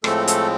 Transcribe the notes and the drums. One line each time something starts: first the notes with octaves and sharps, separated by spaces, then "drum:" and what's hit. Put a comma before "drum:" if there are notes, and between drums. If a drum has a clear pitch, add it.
A2 F3 G#3 A3 C4 A4, drum: rim click
A3 A4, drum: hi-hat